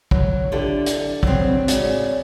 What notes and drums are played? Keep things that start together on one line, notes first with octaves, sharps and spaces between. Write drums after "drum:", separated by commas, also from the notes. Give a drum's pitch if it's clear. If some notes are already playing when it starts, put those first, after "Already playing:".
F#3, drum: kick
D3 E4 F4 G4
D4, drum: hi-hat
F#3 G3 B3 C4, drum: kick
A2 C#3 G#3 C4 F#4 D5, drum: hi-hat